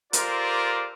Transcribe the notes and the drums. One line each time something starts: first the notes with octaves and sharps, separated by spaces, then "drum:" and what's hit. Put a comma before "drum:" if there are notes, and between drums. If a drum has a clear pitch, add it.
F4 G4 A4 A#4 C5 D5, drum: hi-hat